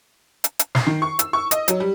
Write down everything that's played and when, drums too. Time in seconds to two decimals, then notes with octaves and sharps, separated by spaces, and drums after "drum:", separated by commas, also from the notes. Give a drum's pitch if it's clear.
0.44 drum: hi-hat
0.59 drum: hi-hat
0.75 C7, drum: snare
0.87 D#3
1.02 C#6
1.19 E6, drum: hi-hat
1.33 C#6
1.51 D#5, drum: hi-hat
1.68 F#3, drum: hi-hat
1.80 G3